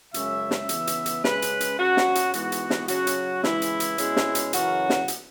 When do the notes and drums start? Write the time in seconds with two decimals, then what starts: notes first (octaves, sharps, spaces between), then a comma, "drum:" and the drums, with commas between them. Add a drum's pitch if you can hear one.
0.14 F#2 C#3 G#3 C#4 E5, drum: hi-hat
0.51 drum: snare
0.69 C#3 E3 B3, drum: hi-hat
0.87 drum: hi-hat
1.06 drum: hi-hat
1.24 C#3 G#3 C#4 B4, drum: snare
1.42 drum: hi-hat
1.61 drum: hi-hat
1.79 F#2 F#3 C#4 F#4
1.97 drum: snare
2.15 drum: hi-hat
2.34 G#2 E3 G#3 B3 F#4, drum: hi-hat
2.52 drum: hi-hat
2.70 drum: snare
2.88 C#3 F#3 C#4 F#4, drum: hi-hat
3.07 drum: hi-hat
3.44 C#3 E3 G#3 E4, drum: snare
3.62 drum: hi-hat
3.80 drum: hi-hat
3.98 B2 G#3 C#4, drum: hi-hat
4.17 drum: snare
4.35 drum: hi-hat
4.53 F#2 C#3 E3 C#4 F#4, drum: hi-hat
4.90 drum: snare
5.08 drum: hi-hat